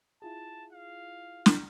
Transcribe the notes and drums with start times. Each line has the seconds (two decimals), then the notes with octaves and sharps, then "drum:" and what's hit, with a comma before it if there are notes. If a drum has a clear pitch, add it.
0.22 E4 F4 G#4 A5
0.73 F5
1.46 drum: snare